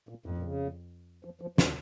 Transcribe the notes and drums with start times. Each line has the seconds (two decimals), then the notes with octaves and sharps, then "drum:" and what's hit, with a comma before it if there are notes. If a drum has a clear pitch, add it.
0.09 A#2
0.26 F2 A2
0.38 A#2
0.43 C#3
1.25 F3
1.41 F3
1.58 F3, drum: snare